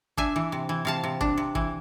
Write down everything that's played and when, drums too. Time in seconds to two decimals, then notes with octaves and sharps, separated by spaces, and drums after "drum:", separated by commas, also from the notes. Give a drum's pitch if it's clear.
0.17 D4 E5 G#5, drum: kick
0.36 E3
0.52 C3
0.69 E3
0.85 C3 F5 A5
1.03 C3
1.21 D4, drum: kick
1.37 C3
1.55 E3, drum: kick